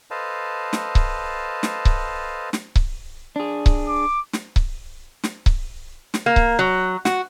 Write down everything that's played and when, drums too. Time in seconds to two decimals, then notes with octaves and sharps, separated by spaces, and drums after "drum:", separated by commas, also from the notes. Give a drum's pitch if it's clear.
0.11 A4 B4 C5 D#5 F5 A5
0.73 drum: snare
0.95 drum: kick C#1
1.63 drum: snare
1.85 drum: kick C#1
2.53 drum: snare
2.76 drum: kick C#1
3.36 D4 G#4
3.66 drum: kick C#1
3.88 D6
4.33 drum: snare
4.56 drum: kick C#1
5.23 drum: snare
5.46 drum: kick C#1
6.14 drum: snare
6.26 A#3
6.36 drum: kick C#1
6.59 F#3
7.05 F#4, drum: snare